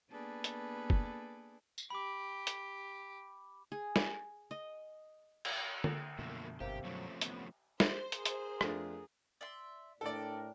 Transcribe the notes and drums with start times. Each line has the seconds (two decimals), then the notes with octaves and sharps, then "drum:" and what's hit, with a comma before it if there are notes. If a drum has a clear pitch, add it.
0.11 A#3 B3 D4 G#4 A4 B4
0.44 drum: hi-hat
0.90 drum: kick
1.78 drum: tambourine
1.90 G4 B5 D6
2.47 drum: hi-hat
3.72 G#4
3.96 drum: snare
4.51 D#5
5.45 drum: cymbal
5.84 drum: tom D3
6.19 F#2 B2 D3 F3 A3 A#3 E5
6.60 G1 C3 A#3 G4
6.85 F3 F#3 A3 C#4
7.21 B3, drum: hi-hat
7.80 C5, drum: snare
8.12 G#4 A#4, drum: hi-hat
8.25 drum: hi-hat
8.61 F2 A3 D4, drum: rim click
9.41 D5 E5 C6
10.01 A2 D4 A4 A#4 D5 G5